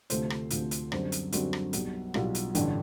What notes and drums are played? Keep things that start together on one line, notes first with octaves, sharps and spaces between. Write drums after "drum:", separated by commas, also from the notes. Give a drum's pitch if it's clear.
D2 C3 F3 A3 C5, drum: hi-hat
drum: rim click
D2 C3 F3 A3, drum: hi-hat
drum: hi-hat
F#2 D3 G3 C4 C5, drum: rim click
drum: hi-hat
F#2 D3 G3 C4 F#4, drum: hi-hat
drum: rim click
B1 B2 G3, drum: hi-hat
B1 B2 G3 F4, drum: rim click
drum: hi-hat
A1 G2 D3, drum: hi-hat